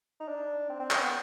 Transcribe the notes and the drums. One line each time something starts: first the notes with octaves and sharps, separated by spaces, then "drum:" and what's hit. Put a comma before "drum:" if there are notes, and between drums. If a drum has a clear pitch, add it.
D#4
D4
C4
C4
C#4, drum: clap
B3